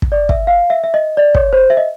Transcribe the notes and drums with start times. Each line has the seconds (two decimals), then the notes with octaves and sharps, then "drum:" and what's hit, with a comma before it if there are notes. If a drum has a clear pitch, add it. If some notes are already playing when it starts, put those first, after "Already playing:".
0.02 drum: kick
0.12 D5
0.29 E5, drum: kick
0.47 F5
0.70 E5
0.84 E5
0.94 D#5
1.17 D5
1.35 C#5, drum: kick
1.53 C5
1.70 E5
1.77 D#5